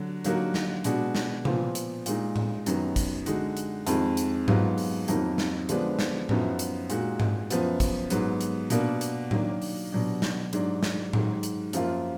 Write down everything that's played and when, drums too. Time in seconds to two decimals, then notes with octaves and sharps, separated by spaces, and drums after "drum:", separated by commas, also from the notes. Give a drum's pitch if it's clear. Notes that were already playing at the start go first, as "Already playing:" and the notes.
Already playing: D3 F#3
0.24 D3 F#3 A#3 D#4 F#4, drum: hi-hat
0.54 drum: snare
0.84 B2 G#3 D4 F#4, drum: hi-hat
1.15 drum: snare
1.45 A#2 F3 B3, drum: tom C3
1.75 drum: hi-hat
2.06 A#2 G#3 D#4, drum: hi-hat
2.36 drum: tom A2
2.66 F#2 D#3 F#3 B3, drum: hi-hat
2.96 drum: kick, hi-hat
3.26 D3 G#3 D#4 F#4, drum: hi-hat
3.57 drum: hi-hat
3.87 F2 D#3 G#3, drum: hi-hat
4.17 drum: hi-hat
4.48 G#2 F#3 B3 F4, drum: tom G#2
4.78 drum: open hi-hat
5.08 F2 D#3 F#3 A#3 D#4, drum: hi-hat
5.38 drum: snare
5.69 D3 F3 G#3 B3 D4, drum: hi-hat
5.99 drum: snare
6.29 F#2 F3 B3 D#4 F#4, drum: tom A2
6.59 drum: hi-hat
6.90 A#2 G#3 D#4 F#4, drum: hi-hat
7.20 drum: tom G#2
7.50 F#2 F3 B3, drum: hi-hat
7.80 drum: kick, hi-hat
8.10 G#2 F#3 B3, drum: hi-hat
8.41 drum: hi-hat
8.70 B2 A#3 D4 F#4, drum: hi-hat
9.01 drum: hi-hat
9.31 D#3 F#3 A#3 D4, drum: tom A2
9.62 drum: open hi-hat
9.92 B2 F#3 D4
10.22 drum: snare
10.53 G#2 F#3 D4, drum: hi-hat
10.83 drum: snare
11.13 G#2 D#3 F#3, drum: tom A2
11.43 drum: hi-hat
11.73 F#2 F3 A#3 F4, drum: hi-hat